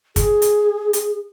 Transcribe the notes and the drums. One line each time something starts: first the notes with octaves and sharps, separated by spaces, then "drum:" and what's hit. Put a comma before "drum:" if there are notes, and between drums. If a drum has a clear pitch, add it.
G#4, drum: kick, hi-hat
drum: hi-hat
drum: hi-hat